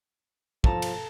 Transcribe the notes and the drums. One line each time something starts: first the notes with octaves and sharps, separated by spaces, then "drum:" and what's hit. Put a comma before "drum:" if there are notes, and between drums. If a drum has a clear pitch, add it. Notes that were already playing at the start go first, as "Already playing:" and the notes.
F3 A4 A5 A#5, drum: kick
drum: cymbal